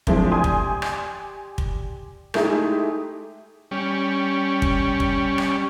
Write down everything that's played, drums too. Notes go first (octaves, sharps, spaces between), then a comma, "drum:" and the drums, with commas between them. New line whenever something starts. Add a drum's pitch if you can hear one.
F3 G#3 A3 C4 D4 E4, drum: kick
G4 D5 G#5 C6 D#6
drum: kick
drum: rim click
drum: kick
G#3 A3 D#4 E4 G4 G#4, drum: rim click
G3 C#4
drum: kick
drum: kick
drum: rim click